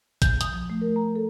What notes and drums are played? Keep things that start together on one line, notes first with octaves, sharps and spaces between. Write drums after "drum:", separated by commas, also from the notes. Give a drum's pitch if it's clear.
G6, drum: kick, hi-hat
D#6, drum: hi-hat
F3
A3
A#4
A#5
A4